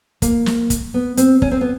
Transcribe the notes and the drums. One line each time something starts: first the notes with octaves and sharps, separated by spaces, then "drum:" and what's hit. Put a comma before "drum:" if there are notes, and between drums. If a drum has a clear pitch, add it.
A#3, drum: kick, hi-hat
drum: snare
drum: kick, hi-hat
B3
C4, drum: hi-hat
C#4, drum: kick
C4
B3